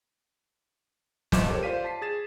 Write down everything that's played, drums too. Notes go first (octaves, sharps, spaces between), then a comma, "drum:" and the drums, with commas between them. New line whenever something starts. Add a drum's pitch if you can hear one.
G1 C#2 F3 D#5 D6 E7, drum: snare
G4 A4 A#4 C5 C#5
F4 C5 D5 F5 B6 D#7
A5 B6 C7
G#4 A6 E7